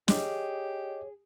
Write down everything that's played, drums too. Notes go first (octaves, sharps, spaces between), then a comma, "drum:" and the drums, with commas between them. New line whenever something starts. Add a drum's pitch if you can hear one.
G4 G#4 C#5 D#5 D6, drum: snare